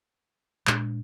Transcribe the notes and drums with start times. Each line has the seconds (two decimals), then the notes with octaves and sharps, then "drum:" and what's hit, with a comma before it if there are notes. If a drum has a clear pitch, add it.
0.67 A#2 G#3 D4, drum: clap